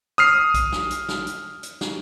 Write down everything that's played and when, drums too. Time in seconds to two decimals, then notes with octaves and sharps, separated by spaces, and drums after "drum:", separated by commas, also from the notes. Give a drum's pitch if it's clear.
0.18 D#6 F6 C7
0.54 drum: kick B1, hi-hat
0.72 drum: snare
0.91 drum: hi-hat
1.09 drum: snare
1.27 drum: hi-hat
1.63 drum: hi-hat
1.81 drum: snare